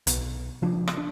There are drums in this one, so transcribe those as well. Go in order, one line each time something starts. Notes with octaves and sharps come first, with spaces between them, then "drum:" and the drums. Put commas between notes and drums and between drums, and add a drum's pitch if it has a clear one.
B1, drum: hi-hat
C#3 F3 D4
drum: rim click
D4